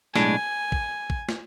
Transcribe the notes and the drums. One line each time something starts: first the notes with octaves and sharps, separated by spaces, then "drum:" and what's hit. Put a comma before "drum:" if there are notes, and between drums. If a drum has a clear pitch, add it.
B1 A2 G#3 D4 G#5, drum: snare
drum: kick
drum: kick
drum: snare